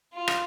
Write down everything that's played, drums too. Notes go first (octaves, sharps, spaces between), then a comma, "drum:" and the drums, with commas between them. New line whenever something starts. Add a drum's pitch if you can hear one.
F4
drum: rim click